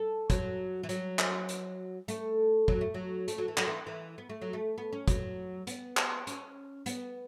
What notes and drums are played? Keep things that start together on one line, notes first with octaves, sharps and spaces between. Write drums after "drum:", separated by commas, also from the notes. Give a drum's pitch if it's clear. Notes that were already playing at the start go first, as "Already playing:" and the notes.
Already playing: A4
F#3, drum: kick, hi-hat
E3
F#3, drum: hi-hat
drum: clap
drum: hi-hat
A3, drum: hi-hat
F#3, drum: kick
A3
F#3
A3, drum: hi-hat
F#3
E3
F#3, drum: clap
E3
E3
B3
A3
F#3
A3
B3
C#4
F#3, drum: kick, hi-hat
B3, drum: hi-hat
drum: clap
C#4, drum: hi-hat
B3, drum: hi-hat